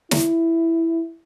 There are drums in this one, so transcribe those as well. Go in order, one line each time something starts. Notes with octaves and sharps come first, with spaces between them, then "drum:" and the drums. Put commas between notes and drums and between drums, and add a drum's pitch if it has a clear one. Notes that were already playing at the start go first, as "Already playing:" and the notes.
E4, drum: snare